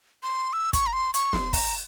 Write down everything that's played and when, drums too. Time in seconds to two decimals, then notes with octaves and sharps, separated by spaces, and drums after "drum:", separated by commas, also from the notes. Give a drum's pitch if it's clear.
0.23 C6
0.53 E6
0.73 C#6, drum: kick, hi-hat
0.86 A#5
0.93 C6
1.14 C#6, drum: hi-hat
1.33 C6, drum: snare
1.53 A#5, drum: kick, open hi-hat